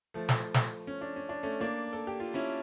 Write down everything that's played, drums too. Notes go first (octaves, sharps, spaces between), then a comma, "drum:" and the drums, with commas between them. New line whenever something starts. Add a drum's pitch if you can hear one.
F3 A3
drum: snare
drum: snare
C#4
D4
C#4
D4
A3 C#4
A#3 D4
A4
G4
F4
C#4 E4